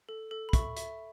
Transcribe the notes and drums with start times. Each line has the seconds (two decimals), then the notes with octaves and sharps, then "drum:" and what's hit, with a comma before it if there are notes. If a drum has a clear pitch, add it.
0.09 A4
0.31 A4
0.49 B5
0.53 E5 C#6, drum: kick, hi-hat
0.77 E5, drum: hi-hat